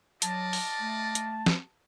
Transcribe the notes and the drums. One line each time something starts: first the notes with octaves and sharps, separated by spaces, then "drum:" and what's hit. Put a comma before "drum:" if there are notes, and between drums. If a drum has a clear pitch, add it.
F#3 F4 D5 D#5 A5, drum: hi-hat
drum: open hi-hat
A3
drum: hi-hat
drum: snare